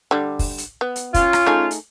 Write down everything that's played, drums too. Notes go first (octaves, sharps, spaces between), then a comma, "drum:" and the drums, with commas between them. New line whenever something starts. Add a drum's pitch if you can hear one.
D3 G3
drum: kick, open hi-hat
drum: hi-hat
B3
drum: hi-hat
C#4 F4, drum: kick, hi-hat
drum: rim click
A3 D#4 G#4
drum: hi-hat